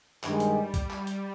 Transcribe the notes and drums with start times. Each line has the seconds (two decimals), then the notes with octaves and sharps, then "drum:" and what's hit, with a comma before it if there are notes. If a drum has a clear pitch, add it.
0.23 G2 D#3 G3 G#3, drum: clap
0.40 drum: hi-hat
0.74 G3, drum: kick, hi-hat
0.90 drum: clap
1.07 drum: hi-hat